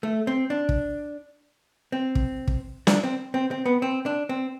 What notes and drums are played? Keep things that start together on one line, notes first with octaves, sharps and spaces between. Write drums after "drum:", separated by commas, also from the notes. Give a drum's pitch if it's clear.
A3
C4
D4
drum: kick
C4
drum: kick
drum: kick
D4, drum: snare
C4
C4
C4
B3
C4
D4
C4